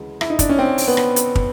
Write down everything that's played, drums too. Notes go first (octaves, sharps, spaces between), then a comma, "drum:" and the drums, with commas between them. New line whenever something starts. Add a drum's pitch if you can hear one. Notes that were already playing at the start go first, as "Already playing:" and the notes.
Already playing: D2 C#3 E3 G#3
E4, drum: rim click
D#4
D4, drum: kick, hi-hat
C#4
C4
drum: open hi-hat
B3
drum: rim click
drum: hi-hat
drum: kick